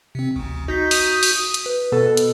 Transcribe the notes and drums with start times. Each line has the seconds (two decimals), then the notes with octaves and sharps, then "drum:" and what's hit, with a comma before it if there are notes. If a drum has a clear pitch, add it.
0.15 C3 C4
0.36 A1 D2
0.68 D#4 F#4 G6 B6
0.91 D#6, drum: open hi-hat
1.23 drum: open hi-hat
1.54 drum: hi-hat
1.66 B4
1.92 B2 A4
2.17 drum: hi-hat